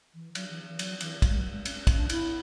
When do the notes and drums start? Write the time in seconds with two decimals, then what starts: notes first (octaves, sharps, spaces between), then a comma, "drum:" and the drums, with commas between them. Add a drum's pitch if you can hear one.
0.14 E3
0.35 F#3, drum: cymbal
0.50 E3
0.67 E3
0.79 F#3, drum: cymbal
1.00 E3, drum: cymbal
1.22 F#3, drum: kick, cymbal
1.30 G#3
1.37 F#3
1.51 G#3
1.65 C#4, drum: cymbal
1.76 C#4
1.87 C#4, drum: kick, cymbal
1.98 D4
2.10 E4, drum: cymbal